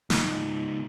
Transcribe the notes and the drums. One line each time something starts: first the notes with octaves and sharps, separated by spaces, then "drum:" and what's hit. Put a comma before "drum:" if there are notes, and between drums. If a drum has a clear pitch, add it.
C#2 D#4, drum: snare